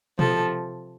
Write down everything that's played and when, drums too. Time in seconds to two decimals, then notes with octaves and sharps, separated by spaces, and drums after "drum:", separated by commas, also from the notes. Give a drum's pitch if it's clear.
0.19 C3 F3 A4, drum: tom B2